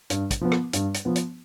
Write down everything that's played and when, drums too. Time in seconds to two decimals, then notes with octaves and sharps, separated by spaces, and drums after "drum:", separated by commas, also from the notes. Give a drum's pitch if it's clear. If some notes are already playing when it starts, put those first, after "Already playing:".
0.10 G2, drum: hi-hat
0.31 drum: kick, hi-hat
0.41 F3 B3
0.52 drum: rim click
0.73 G2, drum: hi-hat
0.94 drum: hi-hat
1.05 F3 B3
1.16 drum: hi-hat